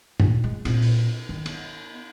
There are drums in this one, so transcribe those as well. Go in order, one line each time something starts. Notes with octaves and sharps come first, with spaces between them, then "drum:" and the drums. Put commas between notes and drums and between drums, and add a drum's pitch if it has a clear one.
D2 A#2, drum: tom G2
G#3
A#2 C4, drum: cymbal
drum: open hi-hat
D#3
B3, drum: cymbal